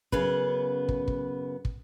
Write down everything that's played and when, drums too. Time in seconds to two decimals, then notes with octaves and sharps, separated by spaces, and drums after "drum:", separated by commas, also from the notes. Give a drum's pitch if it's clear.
0.12 F#2 C#3 B3 B4, drum: kick
0.89 drum: kick
1.08 drum: kick
1.65 drum: kick